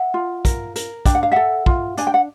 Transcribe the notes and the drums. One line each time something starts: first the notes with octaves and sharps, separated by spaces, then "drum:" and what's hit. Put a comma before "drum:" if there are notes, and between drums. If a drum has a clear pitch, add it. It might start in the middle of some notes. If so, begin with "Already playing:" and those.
Already playing: E5 F#5
F4
A#4, drum: kick, hi-hat
A#4, drum: hi-hat
D4 G5, drum: kick, hi-hat
F#5
F5
A4 E5 F#5
F4, drum: kick
D4 G#5, drum: hi-hat
G5
F#5